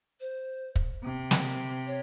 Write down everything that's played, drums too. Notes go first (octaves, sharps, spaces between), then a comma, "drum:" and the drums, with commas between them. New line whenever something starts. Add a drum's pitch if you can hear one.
C5
drum: kick
C3
drum: snare
C#5